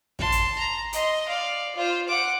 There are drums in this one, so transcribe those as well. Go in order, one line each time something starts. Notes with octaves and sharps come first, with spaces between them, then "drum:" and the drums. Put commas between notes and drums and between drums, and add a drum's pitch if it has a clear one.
A5 C6, drum: kick
drum: hi-hat
A#5
D#5 C6, drum: hi-hat
D5 F5
F4 C5
F#5 D6